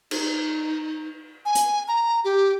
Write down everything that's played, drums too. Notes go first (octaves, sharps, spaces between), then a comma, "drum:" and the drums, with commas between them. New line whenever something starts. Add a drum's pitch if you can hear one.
D#4, drum: cymbal
G#5
drum: hi-hat
A#5
G4